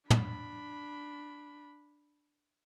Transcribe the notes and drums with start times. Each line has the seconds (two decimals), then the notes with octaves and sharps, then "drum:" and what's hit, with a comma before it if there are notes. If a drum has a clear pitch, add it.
0.10 D4 B5, drum: tom